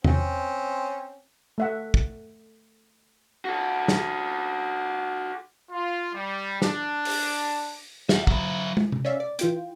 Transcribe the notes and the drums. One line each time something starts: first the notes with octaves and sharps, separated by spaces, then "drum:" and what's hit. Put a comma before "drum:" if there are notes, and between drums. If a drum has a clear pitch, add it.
C4 C#4, drum: tom E2
A3 E5 F#5
drum: kick
F#4 A4
drum: snare
F4
G3
D4, drum: snare
drum: open hi-hat
E5 F#5, drum: snare
F#3 E4, drum: kick
drum: tom
drum: tom C3
C#4 D5 E5 F5
D5
E3 F4 G5, drum: hi-hat